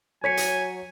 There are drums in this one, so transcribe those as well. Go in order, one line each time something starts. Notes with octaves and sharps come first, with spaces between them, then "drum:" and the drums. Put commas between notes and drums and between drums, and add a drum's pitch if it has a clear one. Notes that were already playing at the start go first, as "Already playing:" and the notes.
F#3 C#5 G#5 G#6 B6 C#7
drum: hi-hat